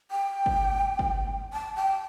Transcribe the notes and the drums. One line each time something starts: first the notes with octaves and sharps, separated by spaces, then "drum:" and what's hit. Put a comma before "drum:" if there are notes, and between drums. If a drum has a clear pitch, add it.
G5
drum: kick
drum: kick
A5
G5